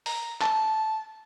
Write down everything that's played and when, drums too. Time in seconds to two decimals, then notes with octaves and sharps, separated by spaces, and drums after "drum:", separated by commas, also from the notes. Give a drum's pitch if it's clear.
0.06 A#5, drum: open hi-hat
0.41 A5, drum: clap